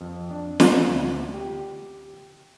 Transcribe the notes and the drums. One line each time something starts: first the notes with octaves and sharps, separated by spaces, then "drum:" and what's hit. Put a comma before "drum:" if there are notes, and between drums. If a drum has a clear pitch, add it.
F2
D4
drum: snare
D2
G4